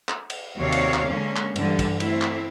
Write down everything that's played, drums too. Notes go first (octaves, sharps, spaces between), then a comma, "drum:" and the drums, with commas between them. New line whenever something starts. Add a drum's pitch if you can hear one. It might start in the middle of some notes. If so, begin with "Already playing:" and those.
drum: clap
drum: cymbal
D#2 C3 F#4 C#5 D5 F5
drum: cymbal
drum: clap
D3 G#3 A#3 C#4
drum: clap
G2 D3 E3 G3, drum: cymbal
drum: kick, cymbal
A3 C4 E4, drum: cymbal
drum: clap